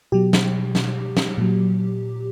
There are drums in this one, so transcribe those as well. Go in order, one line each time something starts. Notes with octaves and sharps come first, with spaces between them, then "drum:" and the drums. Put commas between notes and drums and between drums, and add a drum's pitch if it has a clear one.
B2 F#3 G4
drum: snare
drum: snare
drum: snare
A#2 F#3